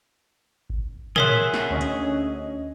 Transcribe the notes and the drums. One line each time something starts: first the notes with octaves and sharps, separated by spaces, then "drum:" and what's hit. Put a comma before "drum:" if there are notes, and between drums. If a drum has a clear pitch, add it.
drum: kick G1
G#4 A#4 C#5 E5 F#5 C6, drum: tom
drum: snare
D2 C#4 D#5
drum: hi-hat